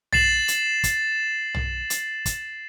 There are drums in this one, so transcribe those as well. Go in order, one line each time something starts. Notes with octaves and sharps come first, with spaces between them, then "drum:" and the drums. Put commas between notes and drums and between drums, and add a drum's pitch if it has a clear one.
A6 C7 E7 F#7, drum: tom
drum: hi-hat
drum: kick, hi-hat
drum: tom
drum: hi-hat
drum: kick, hi-hat